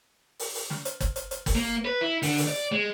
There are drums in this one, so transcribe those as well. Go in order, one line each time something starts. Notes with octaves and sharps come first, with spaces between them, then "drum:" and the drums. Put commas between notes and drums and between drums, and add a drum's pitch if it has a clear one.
drum: open hi-hat
drum: open hi-hat
drum: snare
drum: hi-hat
drum: kick G1, hi-hat
drum: hi-hat
drum: hi-hat
drum: kick G1, open hi-hat
A#3
B4
E4
D3, drum: open hi-hat
drum: open hi-hat
D5
G#3